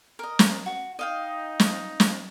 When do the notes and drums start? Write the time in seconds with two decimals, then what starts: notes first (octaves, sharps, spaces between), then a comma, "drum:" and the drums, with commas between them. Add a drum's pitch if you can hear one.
0.19 A#4 D#5
0.39 drum: snare
0.66 F#4
0.99 D#4 D#5 F5 G5
1.60 drum: snare
2.00 drum: snare